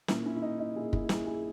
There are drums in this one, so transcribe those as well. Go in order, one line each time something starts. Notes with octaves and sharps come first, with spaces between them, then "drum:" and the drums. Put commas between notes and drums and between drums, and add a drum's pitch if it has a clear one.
A#2 C#4 E4, drum: snare
C#4 E4
E4
D#4
D#4
A#2 E4 G#4
E4 G#4, drum: kick
E4 G#4, drum: snare
E4 G#4